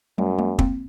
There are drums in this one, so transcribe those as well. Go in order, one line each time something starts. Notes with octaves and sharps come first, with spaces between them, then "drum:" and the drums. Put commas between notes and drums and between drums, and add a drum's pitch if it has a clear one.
F#2 G3 A3
G#3 A#3
A#3 C4, drum: kick